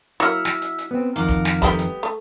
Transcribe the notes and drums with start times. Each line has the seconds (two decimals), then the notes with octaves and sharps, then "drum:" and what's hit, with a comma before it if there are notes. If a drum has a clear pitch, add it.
0.20 F#3 A#3 E4 E5 F#5 E6 F6
0.45 drum: snare
0.62 drum: hi-hat
0.78 drum: hi-hat
0.91 B3 C4
1.16 F2 D#3 A#4 F5 F#5 D6
1.28 drum: kick, hi-hat
1.45 drum: snare
1.62 G3 A3 B3 F#4 G4 G5, drum: kick, hi-hat
1.79 drum: hi-hat
2.03 A3